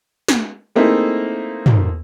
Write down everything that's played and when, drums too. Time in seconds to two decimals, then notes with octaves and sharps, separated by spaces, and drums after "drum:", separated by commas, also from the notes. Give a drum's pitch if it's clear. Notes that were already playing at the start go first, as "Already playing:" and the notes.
0.28 drum: snare
0.75 A3 A#3 C4 D#4 E4 G#4
1.66 drum: tom